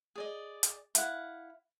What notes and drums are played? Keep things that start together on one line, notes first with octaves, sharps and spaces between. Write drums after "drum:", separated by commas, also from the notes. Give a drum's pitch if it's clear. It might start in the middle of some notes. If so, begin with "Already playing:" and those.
G#4 D5 D#5
drum: hi-hat
E4 F5 F#5, drum: hi-hat